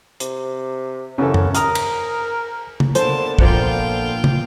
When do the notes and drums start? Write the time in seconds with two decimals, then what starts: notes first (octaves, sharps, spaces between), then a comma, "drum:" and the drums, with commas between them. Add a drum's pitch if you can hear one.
0.20 C3, drum: hi-hat
1.18 F#2 C#3 E3 A4
1.34 drum: tom
1.55 A#4 A#5 D#6 F6, drum: hi-hat
1.75 drum: cymbal
2.80 drum: tom
2.95 A#3 B3 D4 A4 C5 A5, drum: hi-hat
3.39 A#2 F3 F4 F#5 G5, drum: kick
4.24 drum: tom